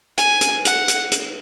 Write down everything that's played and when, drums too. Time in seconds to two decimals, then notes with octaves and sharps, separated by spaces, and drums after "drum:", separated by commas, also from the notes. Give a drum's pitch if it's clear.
0.18 G#5, drum: hi-hat
0.41 drum: hi-hat
0.65 F#5, drum: hi-hat
0.88 drum: hi-hat
1.11 drum: hi-hat